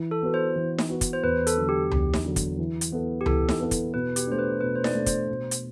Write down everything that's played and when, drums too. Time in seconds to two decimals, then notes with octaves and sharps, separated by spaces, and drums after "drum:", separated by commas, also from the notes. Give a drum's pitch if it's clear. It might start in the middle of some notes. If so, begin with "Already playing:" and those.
Already playing: E3
0.11 A4
0.22 B3 F#4 B4
0.34 C5
0.56 E3
0.79 drum: snare D#4
0.90 B3 F#4 B4
1.01 drum: kick, hi-hat
1.13 C5
1.23 E2 B4
1.47 A4, drum: hi-hat
1.57 D3 F#3
1.69 G4
1.91 E2, drum: tom C#2
2.14 drum: snare D#4
2.25 D3 F#3
2.36 drum: kick, hi-hat
2.59 E3
2.81 drum: hi-hat
2.92 B3 E4 A4
3.21 G4
3.26 E3 A4, drum: tom C#2
3.49 drum: snare D#4
3.60 B3 E4 A4
3.71 drum: kick, hi-hat
3.94 B2 B4
4.16 G4, drum: hi-hat
4.27 A3 D4 C5
4.39 B4
4.61 B2 B4
4.76 C5
4.84 D5, drum: snare D#4
4.95 A3 D4
5.06 C5, drum: kick, hi-hat
5.29 B2
5.51 drum: hi-hat